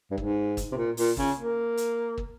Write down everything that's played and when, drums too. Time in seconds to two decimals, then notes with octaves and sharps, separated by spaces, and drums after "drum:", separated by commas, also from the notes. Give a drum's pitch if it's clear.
0.11 G2
0.18 G#2, drum: kick
0.57 drum: kick, hi-hat
0.72 C3
0.77 A#2
0.97 A#2, drum: open hi-hat
1.17 C#3, drum: kick
1.37 A#3
1.77 drum: hi-hat
2.18 drum: kick